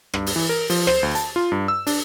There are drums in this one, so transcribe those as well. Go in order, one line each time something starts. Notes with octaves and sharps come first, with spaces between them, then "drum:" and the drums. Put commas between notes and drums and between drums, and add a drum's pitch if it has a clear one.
G2, drum: rim click
drum: open hi-hat
E3
A#4
F3, drum: open hi-hat
C5, drum: rim click
D2
A5, drum: hi-hat
F4
G2
E6
D4, drum: open hi-hat